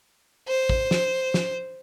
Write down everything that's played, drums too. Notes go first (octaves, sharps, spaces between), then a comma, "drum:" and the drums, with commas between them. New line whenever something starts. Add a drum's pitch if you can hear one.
C5
drum: kick
drum: snare
drum: snare